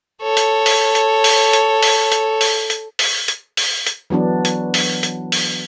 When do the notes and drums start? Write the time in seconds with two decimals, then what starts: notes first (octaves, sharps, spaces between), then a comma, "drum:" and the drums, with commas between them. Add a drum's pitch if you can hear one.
0.22 A4 C#5
0.37 drum: hi-hat
0.66 drum: open hi-hat
0.95 drum: hi-hat
1.24 drum: open hi-hat
1.53 drum: hi-hat
1.82 drum: open hi-hat
2.12 drum: hi-hat
2.41 drum: open hi-hat
2.70 drum: hi-hat
2.99 drum: open hi-hat
3.28 drum: hi-hat
3.57 drum: open hi-hat
3.86 drum: hi-hat
4.10 E3 F#3 B3 D4
4.45 drum: hi-hat
4.74 drum: open hi-hat
5.03 drum: hi-hat
5.32 drum: open hi-hat